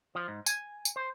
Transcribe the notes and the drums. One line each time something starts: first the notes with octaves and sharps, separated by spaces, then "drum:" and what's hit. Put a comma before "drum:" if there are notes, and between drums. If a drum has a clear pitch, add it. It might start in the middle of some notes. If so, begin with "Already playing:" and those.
F3
G#2
G#5, drum: tambourine
drum: tambourine
C5